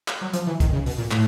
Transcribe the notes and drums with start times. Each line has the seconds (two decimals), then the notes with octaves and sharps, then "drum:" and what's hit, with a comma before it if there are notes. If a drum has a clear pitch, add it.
0.08 drum: clap
0.21 F#3
0.33 F3, drum: hi-hat
0.47 E3
0.60 D#3, drum: kick, hi-hat
0.73 C#3
0.86 B2, drum: open hi-hat
0.98 A#2
1.11 A2, drum: clap